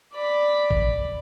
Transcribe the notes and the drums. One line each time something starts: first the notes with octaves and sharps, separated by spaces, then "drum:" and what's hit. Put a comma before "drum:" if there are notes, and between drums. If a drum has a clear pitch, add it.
D5 B5
drum: kick